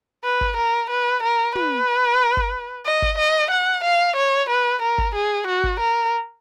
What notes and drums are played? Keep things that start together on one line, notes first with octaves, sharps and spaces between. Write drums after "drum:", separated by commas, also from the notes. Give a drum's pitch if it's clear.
B4
drum: kick G1
A#4
B4
A#4
B4, drum: tom
drum: kick G1
D#5
drum: kick G1
D#5
F#5
F5
C#5
B4
A#4
drum: kick G1
G#4
F#4
drum: kick G1
A#4